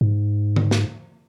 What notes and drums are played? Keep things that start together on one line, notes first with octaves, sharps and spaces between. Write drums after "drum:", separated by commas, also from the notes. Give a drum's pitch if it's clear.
G#2
drum: tom D3
drum: snare